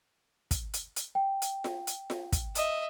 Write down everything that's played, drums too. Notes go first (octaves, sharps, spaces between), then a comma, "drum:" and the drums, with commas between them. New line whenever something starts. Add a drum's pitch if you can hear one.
drum: kick, hi-hat
drum: hi-hat
drum: hi-hat
G5
drum: hi-hat
drum: snare F4
drum: hi-hat
drum: snare F4
drum: kick, hi-hat
D#5 E5, drum: hi-hat